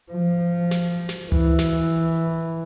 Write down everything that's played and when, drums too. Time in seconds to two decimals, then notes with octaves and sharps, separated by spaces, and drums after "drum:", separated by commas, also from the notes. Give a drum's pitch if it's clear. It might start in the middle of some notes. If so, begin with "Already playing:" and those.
0.12 F3
0.71 drum: snare
1.09 drum: snare
1.32 E3, drum: tom C#2
1.59 drum: snare